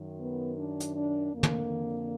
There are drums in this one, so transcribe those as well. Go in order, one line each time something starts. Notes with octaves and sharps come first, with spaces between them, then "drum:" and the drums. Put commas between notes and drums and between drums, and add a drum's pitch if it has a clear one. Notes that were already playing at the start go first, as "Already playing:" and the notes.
Already playing: F#2 D#3
B3
D4
drum: hi-hat
D4
F2 D3 A#3
drum: tom